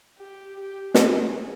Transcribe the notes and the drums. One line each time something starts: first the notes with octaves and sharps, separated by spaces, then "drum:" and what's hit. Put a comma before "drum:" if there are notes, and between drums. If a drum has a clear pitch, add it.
G4
G4
G#4, drum: snare